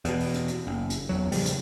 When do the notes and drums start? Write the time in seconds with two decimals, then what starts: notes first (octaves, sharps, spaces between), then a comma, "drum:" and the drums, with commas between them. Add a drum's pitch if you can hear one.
0.05 E2 B2, drum: hi-hat
0.20 drum: open hi-hat
0.34 drum: hi-hat
0.48 drum: hi-hat
0.67 F#1
0.90 drum: hi-hat
1.09 E2 F#3
1.32 A2 C#3 F3 G3, drum: open hi-hat
1.46 drum: hi-hat